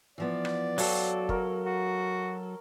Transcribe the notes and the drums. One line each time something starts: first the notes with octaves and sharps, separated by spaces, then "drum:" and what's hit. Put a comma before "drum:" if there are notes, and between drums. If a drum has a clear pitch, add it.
E3 F3 B3 D5
drum: rim click
F#3 F#4 A4 F5 G5, drum: open hi-hat
A#4 C#5 F#5, drum: kick
F#4